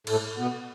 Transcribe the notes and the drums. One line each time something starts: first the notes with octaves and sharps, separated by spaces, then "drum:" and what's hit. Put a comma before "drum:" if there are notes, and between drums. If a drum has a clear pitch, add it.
A2 A3, drum: cymbal
B2 B3